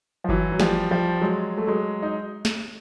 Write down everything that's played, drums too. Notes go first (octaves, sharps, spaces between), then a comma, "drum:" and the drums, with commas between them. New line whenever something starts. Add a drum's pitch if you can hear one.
F3
E3 F#3, drum: kick G1
F#3
F3 G3, drum: snare
F3 G3
F#3 G#3
A3
F#3 G#3
D#4
drum: snare